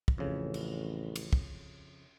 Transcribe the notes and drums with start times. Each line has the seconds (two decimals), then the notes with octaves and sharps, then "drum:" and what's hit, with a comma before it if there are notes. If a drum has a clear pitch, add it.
0.08 drum: kick
0.18 A1 F2 C#3
0.54 drum: cymbal
1.16 drum: cymbal
1.33 drum: kick